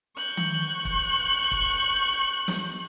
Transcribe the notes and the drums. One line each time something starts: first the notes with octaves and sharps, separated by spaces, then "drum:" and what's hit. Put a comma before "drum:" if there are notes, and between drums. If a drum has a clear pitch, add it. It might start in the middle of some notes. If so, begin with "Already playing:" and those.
C#6 F#6 G6
drum: tom D#3
drum: kick
drum: kick
drum: snare